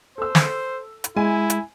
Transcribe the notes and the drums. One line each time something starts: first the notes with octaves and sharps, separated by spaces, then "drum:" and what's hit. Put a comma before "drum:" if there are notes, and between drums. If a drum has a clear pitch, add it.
A4 C5 E6
drum: snare
drum: hi-hat
G#3 E4 G#5
drum: hi-hat